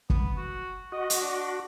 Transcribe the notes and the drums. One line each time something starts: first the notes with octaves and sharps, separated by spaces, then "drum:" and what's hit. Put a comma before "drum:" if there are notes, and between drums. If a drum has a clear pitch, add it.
B3, drum: kick
F#4
F#4 D#5
drum: hi-hat
D4